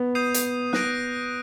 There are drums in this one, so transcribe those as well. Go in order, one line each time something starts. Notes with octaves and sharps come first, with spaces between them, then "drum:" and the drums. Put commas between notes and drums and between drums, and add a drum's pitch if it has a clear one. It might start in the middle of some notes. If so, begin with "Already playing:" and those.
Already playing: B3
D#6 G6 C7 D#7
drum: hi-hat
F#6 A#6 D7, drum: snare